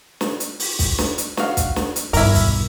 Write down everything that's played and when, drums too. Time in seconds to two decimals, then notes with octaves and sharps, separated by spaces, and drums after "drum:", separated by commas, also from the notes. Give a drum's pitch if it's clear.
0.21 drum: snare
0.40 drum: hi-hat
0.60 drum: open hi-hat
0.79 drum: kick, open hi-hat
0.98 drum: snare
1.18 drum: hi-hat
1.37 F#4 F5, drum: snare
1.57 drum: kick, hi-hat
1.76 drum: snare
1.96 drum: hi-hat
2.13 B1 G2 E4 A#4, drum: open hi-hat
2.35 drum: kick, open hi-hat